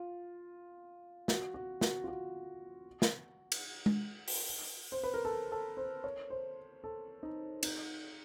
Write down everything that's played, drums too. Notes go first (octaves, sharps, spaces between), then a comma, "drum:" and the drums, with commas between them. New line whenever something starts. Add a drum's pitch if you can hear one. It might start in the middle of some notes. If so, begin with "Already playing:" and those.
Already playing: F4
F#4, drum: snare
F#4
F#4, drum: snare
F4
F#4
drum: snare
drum: cymbal
drum: tom G#3
drum: open hi-hat
C5
B4
A#4
A4
A4
C5
C#5
C5
A4
D#4
D#4, drum: cymbal